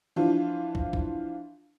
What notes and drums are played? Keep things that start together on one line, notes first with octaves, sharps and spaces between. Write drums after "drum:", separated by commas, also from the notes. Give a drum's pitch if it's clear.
E3 F3 D4 F4
drum: kick
drum: kick